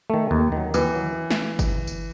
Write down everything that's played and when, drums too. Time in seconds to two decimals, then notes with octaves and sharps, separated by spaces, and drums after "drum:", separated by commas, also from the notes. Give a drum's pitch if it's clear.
0.10 D#3 A3
0.31 D#2
0.52 D#3
0.57 F#3
0.74 D#2 E3, drum: tambourine
0.95 D#3 F#3
1.31 drum: snare
1.59 drum: kick G1, tambourine
1.87 drum: tambourine